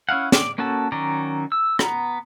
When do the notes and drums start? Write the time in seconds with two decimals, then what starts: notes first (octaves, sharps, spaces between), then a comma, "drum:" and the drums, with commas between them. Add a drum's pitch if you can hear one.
0.09 C#4 E4 F5 F#5
0.32 D5, drum: snare
0.58 A#3 C#4 F#4 A4 A5
0.92 D#3 F#3 C#4 D5 A#5
1.52 E6
1.79 B3 A#5, drum: rim click